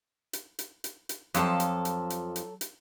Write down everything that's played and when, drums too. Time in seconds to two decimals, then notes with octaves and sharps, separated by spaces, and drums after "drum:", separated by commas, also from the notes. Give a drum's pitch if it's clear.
0.33 drum: hi-hat
0.59 drum: hi-hat
0.84 drum: hi-hat
1.09 drum: hi-hat
1.34 F2 F3 F#3 A4 A5, drum: hi-hat
1.60 drum: hi-hat
1.85 drum: hi-hat
2.10 drum: hi-hat
2.36 drum: hi-hat
2.61 drum: hi-hat